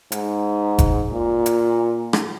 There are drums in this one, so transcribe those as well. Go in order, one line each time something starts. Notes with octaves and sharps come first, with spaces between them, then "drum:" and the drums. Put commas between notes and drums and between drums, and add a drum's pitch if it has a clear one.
G#2, drum: hi-hat
drum: kick F#1, hi-hat
A#2
drum: hi-hat
drum: rim click